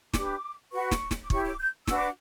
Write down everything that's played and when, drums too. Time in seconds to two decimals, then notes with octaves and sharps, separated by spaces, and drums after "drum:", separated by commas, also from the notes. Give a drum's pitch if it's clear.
0.14 D4 G4 B4 D6, drum: snare
0.72 F#4 B4 C#6
0.91 drum: snare
1.11 drum: snare
1.22 D6
1.30 E4 G4 C#5 C#6, drum: kick
1.45 D6
1.59 G6
1.87 D4 F#4 B4 E6, drum: snare
1.97 D6